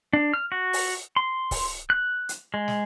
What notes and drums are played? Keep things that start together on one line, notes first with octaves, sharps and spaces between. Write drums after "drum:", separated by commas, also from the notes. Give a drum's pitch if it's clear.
D4
F6
F#4
drum: open hi-hat
C6
drum: kick C#1, open hi-hat
F#6
drum: hi-hat
G#3
drum: snare